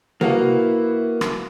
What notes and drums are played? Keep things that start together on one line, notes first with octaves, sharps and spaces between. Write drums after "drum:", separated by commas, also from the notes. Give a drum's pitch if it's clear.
A#3 B3 E4 F#4 F5, drum: tom C3
drum: rim click